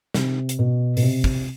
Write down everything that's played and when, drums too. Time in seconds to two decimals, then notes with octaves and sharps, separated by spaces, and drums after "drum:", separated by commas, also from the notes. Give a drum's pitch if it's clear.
0.14 C3, drum: snare
0.49 drum: hi-hat
0.59 B2
0.97 B2, drum: open hi-hat
1.02 C3
1.24 drum: kick